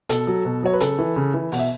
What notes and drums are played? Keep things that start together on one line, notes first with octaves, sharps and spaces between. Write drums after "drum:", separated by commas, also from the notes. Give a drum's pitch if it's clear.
B2 A4, drum: hi-hat
F#3
B2
F#3 C#5
B4
C#3 A4, drum: hi-hat
E3
C#3
E3
B2 F#5, drum: open hi-hat
E5